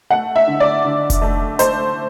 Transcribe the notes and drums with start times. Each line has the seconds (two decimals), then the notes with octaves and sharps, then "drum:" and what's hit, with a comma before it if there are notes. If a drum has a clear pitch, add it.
0.10 A3 F#5
0.36 E5
0.48 D3
0.60 D5
0.85 D3
1.10 drum: kick F1, hi-hat
1.22 A3
1.59 A3 C5, drum: hi-hat